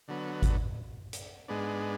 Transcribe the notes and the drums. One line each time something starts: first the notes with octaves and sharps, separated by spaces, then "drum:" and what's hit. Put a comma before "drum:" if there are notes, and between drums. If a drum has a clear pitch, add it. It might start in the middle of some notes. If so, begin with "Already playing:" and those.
D3 F#3 B3
drum: kick G#1, hi-hat
drum: hi-hat
G#2 G#3 B3 D4